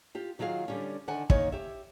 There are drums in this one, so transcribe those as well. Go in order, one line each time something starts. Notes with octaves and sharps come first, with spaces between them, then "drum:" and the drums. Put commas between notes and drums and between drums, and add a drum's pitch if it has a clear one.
F4 G4
D#3 F#3 F4 G#4 F5
D3 G3 C#4
D3 D#3 F#5 G#5
D#3 A#3 C#4 D#4 C#5, drum: kick
G4 E5